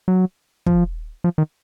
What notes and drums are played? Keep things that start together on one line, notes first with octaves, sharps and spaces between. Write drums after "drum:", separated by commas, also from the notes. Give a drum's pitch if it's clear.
F#3
F3, drum: kick
F3
D#3